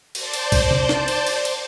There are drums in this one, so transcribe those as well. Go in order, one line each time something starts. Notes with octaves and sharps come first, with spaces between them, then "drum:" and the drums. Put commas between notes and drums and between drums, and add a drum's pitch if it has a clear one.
C5 D5 A5 G6, drum: cymbal
drum: cymbal
drum: kick B1, cymbal
drum: tom C3
drum: snare
drum: cymbal
drum: cymbal
drum: cymbal